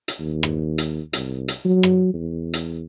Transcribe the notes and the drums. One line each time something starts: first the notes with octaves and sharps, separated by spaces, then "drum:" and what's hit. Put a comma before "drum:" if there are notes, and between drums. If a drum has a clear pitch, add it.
drum: hi-hat
D#2
drum: rim click
drum: hi-hat
C2, drum: hi-hat
drum: hi-hat
F#3
drum: rim click
E2
drum: hi-hat